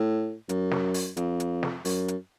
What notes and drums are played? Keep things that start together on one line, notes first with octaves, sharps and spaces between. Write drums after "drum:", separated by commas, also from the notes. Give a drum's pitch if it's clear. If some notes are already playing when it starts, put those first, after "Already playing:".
Already playing: A2
F#2, drum: hi-hat
drum: snare
drum: open hi-hat
F2, drum: hi-hat
drum: hi-hat
drum: snare
F#2, drum: open hi-hat
drum: hi-hat